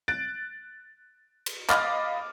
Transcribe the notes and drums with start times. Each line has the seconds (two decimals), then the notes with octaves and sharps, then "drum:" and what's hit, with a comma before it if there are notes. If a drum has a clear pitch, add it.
0.08 F#6 A6 D7
1.46 drum: cymbal
1.70 D#5 F5 B5 D6 F6 A6, drum: clap